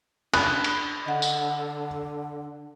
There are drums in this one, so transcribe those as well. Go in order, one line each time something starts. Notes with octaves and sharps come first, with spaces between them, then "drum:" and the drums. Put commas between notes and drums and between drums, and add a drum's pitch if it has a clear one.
D4 B5 D#6 F#6, drum: cymbal
drum: cymbal
D3 D#5 F#5
drum: tambourine